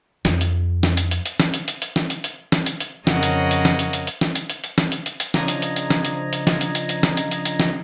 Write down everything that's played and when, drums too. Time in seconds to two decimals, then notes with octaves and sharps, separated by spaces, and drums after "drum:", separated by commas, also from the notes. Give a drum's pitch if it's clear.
0.25 F2, drum: snare
0.41 drum: hi-hat
0.83 drum: snare
0.97 drum: hi-hat
1.11 drum: hi-hat
1.25 drum: hi-hat
1.40 drum: snare
1.54 drum: hi-hat
1.68 drum: hi-hat
1.82 drum: hi-hat
1.96 drum: snare
2.10 drum: hi-hat
2.24 drum: hi-hat
2.52 drum: snare
2.66 drum: hi-hat
2.80 drum: hi-hat
3.07 F2 C#3 A#4 C#5 D#5 F#5, drum: snare
3.23 drum: hi-hat
3.51 drum: hi-hat
3.65 drum: snare
3.79 drum: hi-hat
3.93 drum: hi-hat
4.07 drum: hi-hat
4.21 drum: snare
4.35 drum: hi-hat
4.50 drum: hi-hat
4.64 drum: hi-hat
4.78 drum: snare
4.92 drum: hi-hat
5.06 drum: hi-hat
5.20 drum: hi-hat
5.34 C#3 F3 D4 D#5 A#5 G#6, drum: snare
5.48 drum: hi-hat
5.62 drum: hi-hat
5.76 drum: hi-hat
5.90 drum: snare
6.05 drum: hi-hat
6.33 drum: hi-hat
6.47 drum: snare
6.61 drum: hi-hat
6.75 drum: hi-hat
6.89 drum: hi-hat
7.03 drum: snare
7.17 drum: hi-hat
7.31 drum: hi-hat
7.45 drum: hi-hat
7.60 drum: snare